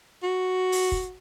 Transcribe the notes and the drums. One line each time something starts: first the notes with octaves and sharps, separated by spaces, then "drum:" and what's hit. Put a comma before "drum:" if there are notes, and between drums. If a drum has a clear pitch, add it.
F#4
drum: open hi-hat
drum: kick